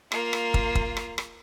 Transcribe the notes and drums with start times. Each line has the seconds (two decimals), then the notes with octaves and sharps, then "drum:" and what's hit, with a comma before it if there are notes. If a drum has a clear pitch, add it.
0.12 A#3 F4, drum: rim click
0.33 drum: rim click
0.54 drum: kick
0.75 drum: kick
0.97 drum: rim click
1.18 drum: rim click